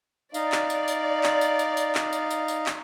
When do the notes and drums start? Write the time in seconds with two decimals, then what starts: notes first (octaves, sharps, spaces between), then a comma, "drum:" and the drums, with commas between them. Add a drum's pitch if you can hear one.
0.34 D#4 D5 D#5 F5, drum: tambourine
0.52 drum: clap
0.70 drum: tambourine
0.88 drum: tambourine
1.23 drum: clap
1.41 drum: tambourine
1.59 drum: tambourine
1.77 drum: tambourine
1.95 drum: clap
2.13 drum: tambourine
2.30 drum: tambourine
2.48 drum: tambourine
2.66 drum: clap